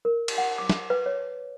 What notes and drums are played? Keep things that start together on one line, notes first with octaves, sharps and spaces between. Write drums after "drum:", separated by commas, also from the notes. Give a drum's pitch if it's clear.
A#4
drum: cymbal
F#5
D6
drum: snare
B4
C#5